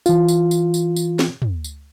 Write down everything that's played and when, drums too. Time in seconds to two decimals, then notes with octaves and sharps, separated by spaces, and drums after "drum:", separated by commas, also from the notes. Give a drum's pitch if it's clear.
0.06 E3 F4, drum: tambourine
0.28 drum: tambourine
0.51 drum: tambourine
0.74 drum: tambourine
0.96 drum: tambourine
1.19 drum: snare
1.42 drum: tom
1.64 drum: tambourine